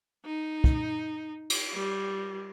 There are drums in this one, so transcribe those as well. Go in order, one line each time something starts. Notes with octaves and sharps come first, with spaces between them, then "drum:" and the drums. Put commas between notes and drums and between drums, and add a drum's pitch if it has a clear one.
D#4
drum: kick
drum: cymbal
G3